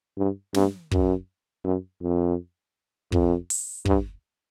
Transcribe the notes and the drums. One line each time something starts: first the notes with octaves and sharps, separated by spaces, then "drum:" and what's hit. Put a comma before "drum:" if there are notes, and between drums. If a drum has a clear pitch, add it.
G2
G2, drum: snare
F#2, drum: kick
F#2
F2
F2, drum: kick
drum: open hi-hat
G2, drum: kick